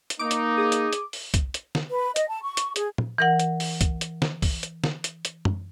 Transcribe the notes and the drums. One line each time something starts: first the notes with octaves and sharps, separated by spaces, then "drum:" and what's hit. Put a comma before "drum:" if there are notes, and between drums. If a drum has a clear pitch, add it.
drum: hi-hat
A#3 D#4 D6
drum: hi-hat
G#4
drum: hi-hat
drum: hi-hat
drum: open hi-hat
drum: kick, hi-hat
drum: hi-hat
drum: snare
B4
D#5, drum: hi-hat
A5
C#6
drum: hi-hat
G#4, drum: hi-hat
drum: tom
E3 A#4 F#5
drum: hi-hat
drum: open hi-hat
drum: kick, hi-hat
drum: hi-hat
drum: snare
drum: kick, open hi-hat
drum: hi-hat
drum: snare
drum: hi-hat
drum: hi-hat
drum: tom